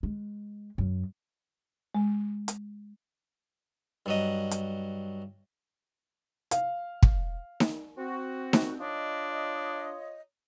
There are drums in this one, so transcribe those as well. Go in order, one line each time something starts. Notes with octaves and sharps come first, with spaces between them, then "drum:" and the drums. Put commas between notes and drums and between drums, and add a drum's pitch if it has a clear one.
G#3
F#2
G#3
drum: hi-hat
G2 F#3 D#5
drum: hi-hat
F5, drum: hi-hat
drum: kick
drum: snare D#4
C4 F#4
drum: snare D#4
D4 F4 C#5 D#5